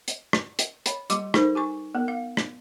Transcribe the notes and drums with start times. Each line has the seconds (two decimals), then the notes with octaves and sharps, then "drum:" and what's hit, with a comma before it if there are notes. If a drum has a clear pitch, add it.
0.08 drum: hi-hat
0.33 drum: rim click
0.59 drum: hi-hat
0.86 C#5 B5, drum: hi-hat
1.10 G3 A#3 G4 C6 D6, drum: hi-hat
1.34 D#4 A4 A#4 C5, drum: rim click
1.55 G4 G#5 C#6
1.95 B3 A#4
2.08 F5
2.37 drum: rim click